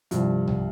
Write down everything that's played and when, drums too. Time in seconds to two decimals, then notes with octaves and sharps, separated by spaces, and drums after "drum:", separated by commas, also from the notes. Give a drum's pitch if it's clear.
0.11 C2 G2 C3 F3, drum: hi-hat
0.48 drum: tom